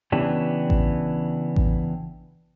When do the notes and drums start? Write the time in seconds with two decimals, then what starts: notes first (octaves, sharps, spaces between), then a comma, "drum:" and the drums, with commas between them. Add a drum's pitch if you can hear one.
0.12 C#3 E3 B3 D4 G4
0.70 drum: kick A1
1.56 drum: kick A1